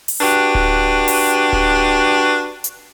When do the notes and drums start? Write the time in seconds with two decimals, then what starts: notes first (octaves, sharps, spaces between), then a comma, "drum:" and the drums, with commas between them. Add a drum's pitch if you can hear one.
0.08 drum: open hi-hat
0.21 D4 F#4 G4 B4
0.55 drum: kick D1
1.08 drum: open hi-hat
1.53 drum: kick D1
2.64 drum: hi-hat